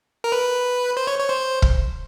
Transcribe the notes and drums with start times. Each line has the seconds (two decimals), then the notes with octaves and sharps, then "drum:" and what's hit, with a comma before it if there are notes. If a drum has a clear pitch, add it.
0.24 A#4
0.32 B4
0.97 C5
1.07 C#5
1.19 C#5
1.29 C5
1.62 drum: kick